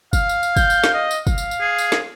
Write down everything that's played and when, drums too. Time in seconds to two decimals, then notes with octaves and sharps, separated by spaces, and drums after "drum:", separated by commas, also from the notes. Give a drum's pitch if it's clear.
0.13 F5, drum: kick, tambourine
0.29 drum: tambourine
0.43 drum: tambourine
0.56 G6, drum: kick, tambourine
0.70 drum: tambourine
0.84 drum: snare
0.94 D#5
1.11 drum: tambourine
1.27 F5, drum: kick, tambourine
1.38 drum: tambourine
1.51 drum: tambourine
1.61 G#4
1.78 drum: tambourine
1.92 drum: snare